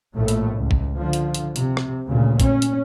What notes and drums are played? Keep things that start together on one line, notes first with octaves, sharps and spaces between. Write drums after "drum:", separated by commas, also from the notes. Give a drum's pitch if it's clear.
A#1 A2 A3
drum: hi-hat
C#2
drum: kick A#1
D3 F3
drum: hi-hat
drum: hi-hat
C3, drum: hi-hat
drum: rim click
D2 A#2 C#3
C#4, drum: kick A#1, hi-hat
drum: hi-hat